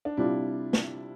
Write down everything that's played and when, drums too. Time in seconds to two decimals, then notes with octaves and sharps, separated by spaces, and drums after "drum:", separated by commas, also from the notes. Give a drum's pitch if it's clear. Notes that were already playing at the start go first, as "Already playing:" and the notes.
0.05 D4
0.17 C3 G3 D4 E4 F4
0.73 drum: snare